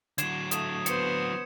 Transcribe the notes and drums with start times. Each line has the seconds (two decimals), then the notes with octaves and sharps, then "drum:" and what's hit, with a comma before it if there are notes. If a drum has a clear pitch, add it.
0.18 D3 F#3 G#6 C7 E7, drum: hi-hat
0.51 A3 D#6 E7, drum: hi-hat
0.86 B3 C5 C#7, drum: hi-hat